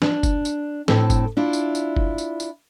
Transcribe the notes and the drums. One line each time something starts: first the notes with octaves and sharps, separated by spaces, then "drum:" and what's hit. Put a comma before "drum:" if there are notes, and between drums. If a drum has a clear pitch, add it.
D4, drum: snare
drum: kick F#1, tambourine
drum: tambourine
A2 C4 A4, drum: snare
drum: kick F#1, tambourine
D4 E4 F4
drum: tambourine
drum: tambourine
drum: kick F#1
drum: tambourine
drum: tambourine